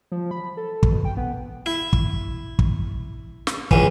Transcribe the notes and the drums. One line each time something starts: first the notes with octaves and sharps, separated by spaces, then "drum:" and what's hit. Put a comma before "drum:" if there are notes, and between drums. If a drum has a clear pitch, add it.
F3
B5
A4
drum: kick
B2
G5
B3
E4
drum: kick
drum: kick
drum: snare
C#2 E3, drum: kick